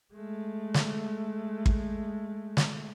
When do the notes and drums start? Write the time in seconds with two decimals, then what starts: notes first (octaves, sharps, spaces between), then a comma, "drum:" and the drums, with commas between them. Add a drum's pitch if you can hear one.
0.14 G#3 A3
0.74 drum: snare
1.66 drum: kick
2.57 drum: snare